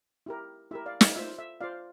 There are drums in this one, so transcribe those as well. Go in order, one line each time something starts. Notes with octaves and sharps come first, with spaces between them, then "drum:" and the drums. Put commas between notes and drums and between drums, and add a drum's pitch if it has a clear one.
E4 G4 A#4
E4 G4 A#4 E5
D5 F5
D5 F5, drum: snare
F4 C5 E5
E5
F4 C5 D5 F5